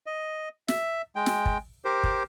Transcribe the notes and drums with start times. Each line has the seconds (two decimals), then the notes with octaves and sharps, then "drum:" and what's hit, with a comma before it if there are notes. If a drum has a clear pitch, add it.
0.06 D#5
0.68 E5, drum: snare
1.16 G#3 G5
1.26 drum: snare
1.46 drum: kick
1.85 G4 A#4 C5
2.04 drum: kick